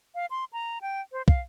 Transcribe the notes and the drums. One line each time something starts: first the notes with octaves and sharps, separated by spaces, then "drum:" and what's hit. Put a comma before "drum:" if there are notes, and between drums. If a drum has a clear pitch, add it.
F5
C6
A#5
G5
C5
F5, drum: kick